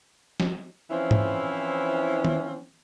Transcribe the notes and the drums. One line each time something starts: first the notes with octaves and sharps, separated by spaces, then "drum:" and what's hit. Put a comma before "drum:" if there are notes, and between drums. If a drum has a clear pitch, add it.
drum: snare
E3 F3 C4 C#4 E4
drum: tom
drum: tom